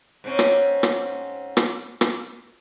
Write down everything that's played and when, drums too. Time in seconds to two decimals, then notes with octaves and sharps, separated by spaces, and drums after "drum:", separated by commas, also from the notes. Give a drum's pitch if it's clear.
0.24 G#2 C4 C#4
0.39 drum: rim click
0.83 drum: rim click
1.57 drum: rim click
2.01 drum: rim click